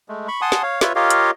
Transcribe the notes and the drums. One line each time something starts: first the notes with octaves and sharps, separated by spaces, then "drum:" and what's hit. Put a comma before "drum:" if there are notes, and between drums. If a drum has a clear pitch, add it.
G#3 A3
B5 C#6
F#5 G#5 A5 C6 D#6
drum: snare
C#5 F5
F4 B4 C#5 E5, drum: snare
F4 G4 A#4 C#5 D#5 F5
drum: hi-hat